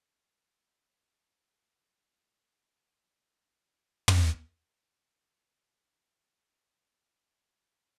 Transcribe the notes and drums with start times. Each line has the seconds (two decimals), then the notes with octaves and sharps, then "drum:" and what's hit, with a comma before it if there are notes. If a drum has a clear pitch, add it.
0.06 A#3
0.35 A#2
0.54 C6
1.03 C#2
1.20 E6
1.65 D#5
1.79 C#2
2.44 D#3 F#3 G#3 A#3 C#4
4.08 drum: tom
5.81 C4
6.10 A4
6.34 E4
6.49 C4
6.80 F#5
7.04 E5
7.25 C#4
7.39 B3
7.60 G4
7.82 C4